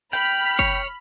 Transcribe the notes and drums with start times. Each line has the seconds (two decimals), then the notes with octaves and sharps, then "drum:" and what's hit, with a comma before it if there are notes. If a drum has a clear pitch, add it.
0.13 G5 B5 F6 B6
0.59 C#5, drum: kick